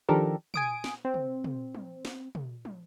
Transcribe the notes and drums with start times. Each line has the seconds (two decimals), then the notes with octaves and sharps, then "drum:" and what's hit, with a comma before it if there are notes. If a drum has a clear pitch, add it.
0.09 D#3 F3 D4 G4 A4 A#4
0.54 G#5 D#6 D7, drum: tom
0.84 drum: snare
1.05 C4
1.14 drum: tom
1.44 drum: tom
1.75 drum: tom
2.05 drum: snare
2.35 drum: tom
2.65 drum: tom